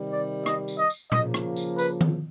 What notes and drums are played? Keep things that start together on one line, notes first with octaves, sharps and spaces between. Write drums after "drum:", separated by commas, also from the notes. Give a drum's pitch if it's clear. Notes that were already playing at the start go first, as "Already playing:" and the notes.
Already playing: C3 D#3 G3
D5
D#5, drum: rim click
drum: tambourine
D#5
drum: tambourine
C#3 F3 A#3 D#5, drum: tom A#2
drum: rim click
drum: tambourine
B4, drum: tambourine
drum: tom D#3